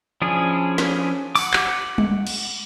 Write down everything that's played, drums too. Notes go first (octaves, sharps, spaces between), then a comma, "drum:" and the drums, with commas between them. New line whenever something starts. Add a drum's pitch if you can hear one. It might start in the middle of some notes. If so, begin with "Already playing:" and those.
F3 C#4 D4 E4 G#4
drum: snare
F#5 D6, drum: open hi-hat
drum: clap
drum: tom G3
drum: cymbal